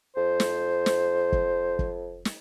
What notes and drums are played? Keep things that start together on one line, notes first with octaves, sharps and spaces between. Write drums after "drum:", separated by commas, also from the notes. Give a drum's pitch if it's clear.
F2 C5
drum: snare
drum: snare
drum: kick
drum: kick
drum: snare